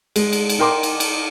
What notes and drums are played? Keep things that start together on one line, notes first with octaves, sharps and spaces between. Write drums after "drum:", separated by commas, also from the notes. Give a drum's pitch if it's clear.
G#3, drum: cymbal
drum: cymbal
drum: cymbal
D#4 A#4 G5 C6 D6
drum: cymbal
drum: cymbal